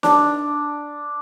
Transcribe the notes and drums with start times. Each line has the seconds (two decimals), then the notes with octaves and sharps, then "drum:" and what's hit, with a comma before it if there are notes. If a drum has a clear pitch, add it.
0.03 D4, drum: snare